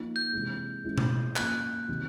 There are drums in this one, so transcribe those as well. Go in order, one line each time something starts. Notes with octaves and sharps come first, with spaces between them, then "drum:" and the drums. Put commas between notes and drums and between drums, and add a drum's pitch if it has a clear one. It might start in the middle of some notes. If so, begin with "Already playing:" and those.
Already playing: F3 A#3 D#4
G6
C3 E3 G#3
E3 G#3 C#4 E4
drum: tom B2
F3 A#3 C#4 F#6, drum: clap
C3 D#3 F#3